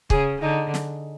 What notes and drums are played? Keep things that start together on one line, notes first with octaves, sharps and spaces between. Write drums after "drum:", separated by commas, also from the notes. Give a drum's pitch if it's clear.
C#3 G#4, drum: kick
D3 D#4
drum: snare